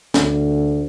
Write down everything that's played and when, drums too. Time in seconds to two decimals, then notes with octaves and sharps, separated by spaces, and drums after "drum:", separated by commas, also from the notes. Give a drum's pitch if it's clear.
0.14 D2, drum: snare